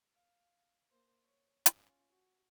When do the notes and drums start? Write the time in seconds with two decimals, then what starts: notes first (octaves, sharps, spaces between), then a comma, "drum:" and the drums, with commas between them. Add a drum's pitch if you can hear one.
0.13 F5
0.91 A#3 C5
1.23 C#5
1.66 C#4 F4, drum: hi-hat
2.11 F#4